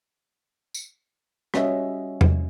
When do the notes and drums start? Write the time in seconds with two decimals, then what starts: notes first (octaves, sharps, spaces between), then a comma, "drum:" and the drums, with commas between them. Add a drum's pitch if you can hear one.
0.74 drum: tambourine
1.54 G3 C#4 F#4 D#5 E5, drum: rim click
2.21 drum: tom E2